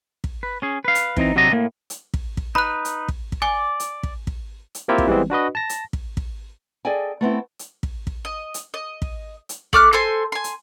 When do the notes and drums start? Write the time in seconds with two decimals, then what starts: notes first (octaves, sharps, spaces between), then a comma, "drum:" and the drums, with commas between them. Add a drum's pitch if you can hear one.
0.24 drum: kick
0.43 B4
0.62 C#4 G#4
0.85 B4 F5
0.95 drum: hi-hat
1.17 E3 C4 D#4 A#5, drum: kick
1.36 C3 F#3 C4 D4 D#5 A#5
1.52 A2 A#3
1.90 drum: hi-hat
2.14 drum: kick
2.37 drum: kick
2.55 D#4 B4 B5 F#6
2.85 drum: hi-hat
3.08 drum: kick
3.32 drum: kick
3.42 D5 G#5 D6
3.80 drum: hi-hat
4.03 drum: kick
4.27 drum: kick
4.75 drum: hi-hat
4.88 A#3 C4 E4 F4 G4 A#4
4.98 drum: kick
5.07 E3 G3 G#3 B3 C4
5.30 D4 F#4 B4 D#5
5.55 A5 A#6
5.69 drum: hi-hat
5.93 drum: kick
6.17 drum: kick
6.85 G#4 A4 D5 D#5 G5 G#5
7.21 A3 B3 C4 E4
7.59 drum: hi-hat
7.83 drum: kick
8.07 drum: kick
8.25 D#5
8.54 drum: hi-hat
8.74 D#5
9.02 drum: kick
9.49 drum: hi-hat
9.73 A3 D6 F6 F#6, drum: kick
9.93 A4 C5 G#5 C6
10.32 G#5 C6
10.44 drum: hi-hat